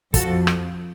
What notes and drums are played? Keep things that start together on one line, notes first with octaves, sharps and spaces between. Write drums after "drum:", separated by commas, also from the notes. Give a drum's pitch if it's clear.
F2 F3 F#4 A4, drum: kick, hi-hat
drum: rim click